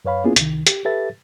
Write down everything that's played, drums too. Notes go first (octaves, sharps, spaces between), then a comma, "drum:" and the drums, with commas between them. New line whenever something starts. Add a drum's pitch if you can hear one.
F#2 B4 C#5 F5 B5
A#3 B3 C#4 E4 F4 G#4
C2 D#3, drum: hi-hat
G4, drum: hi-hat
G4 A4 B4 E5 A6